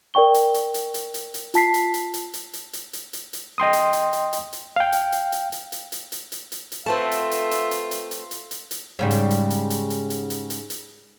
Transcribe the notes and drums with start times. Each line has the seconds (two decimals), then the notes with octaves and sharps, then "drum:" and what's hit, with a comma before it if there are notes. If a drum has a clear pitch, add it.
0.14 A#4 D5 G5 C#6 G7
0.34 drum: hi-hat
0.54 drum: hi-hat
0.74 drum: hi-hat
0.94 drum: hi-hat
1.14 drum: hi-hat
1.34 drum: hi-hat
1.54 F4 A5 B6 C7, drum: hi-hat
1.74 drum: hi-hat
1.94 drum: hi-hat
2.14 drum: hi-hat
2.34 drum: hi-hat
2.53 drum: hi-hat
2.73 drum: hi-hat
2.93 drum: hi-hat
3.13 drum: hi-hat
3.33 drum: hi-hat
3.58 D#5 G5 C6 D#6
3.73 drum: hi-hat
3.93 drum: hi-hat
4.13 drum: hi-hat
4.33 drum: hi-hat
4.53 drum: hi-hat
4.76 F5 G5
4.92 drum: hi-hat
5.12 drum: hi-hat
5.32 drum: hi-hat
5.52 drum: hi-hat
5.72 drum: hi-hat
5.92 drum: hi-hat
6.12 drum: hi-hat
6.32 drum: hi-hat
6.52 drum: hi-hat
6.72 drum: hi-hat
6.86 A3 C4 F4 B4 E5 F#5 A5
7.11 drum: hi-hat
7.31 drum: hi-hat
7.51 drum: hi-hat
7.71 drum: hi-hat
7.91 drum: hi-hat
8.11 drum: hi-hat
8.31 drum: hi-hat
8.51 drum: hi-hat
8.71 drum: hi-hat
8.99 G#2 C#3 G3
9.11 drum: hi-hat
9.30 drum: hi-hat
9.50 drum: hi-hat
9.70 drum: hi-hat
9.90 drum: hi-hat
10.10 drum: hi-hat
10.30 drum: hi-hat
10.50 drum: hi-hat
10.70 drum: hi-hat